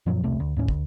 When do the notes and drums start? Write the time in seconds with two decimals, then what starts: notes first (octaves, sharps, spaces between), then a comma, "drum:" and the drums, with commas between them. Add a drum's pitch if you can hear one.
0.06 F#2 A#2 F3 F#3
0.24 E1 C2 C3 A3
0.40 D2
0.56 D#2 A2 C#4
0.68 D2, drum: kick